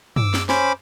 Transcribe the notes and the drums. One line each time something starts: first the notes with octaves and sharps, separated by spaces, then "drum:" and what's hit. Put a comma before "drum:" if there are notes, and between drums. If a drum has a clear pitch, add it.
D6 E6, drum: tom
drum: snare
C#4 C5 B5 D6, drum: snare